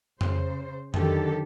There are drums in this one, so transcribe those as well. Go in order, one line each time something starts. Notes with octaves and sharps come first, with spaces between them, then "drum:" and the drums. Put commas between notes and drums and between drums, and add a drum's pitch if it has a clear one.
C#3 C5, drum: tom F2
D3 D#3 F#3 G4 A4, drum: tom F2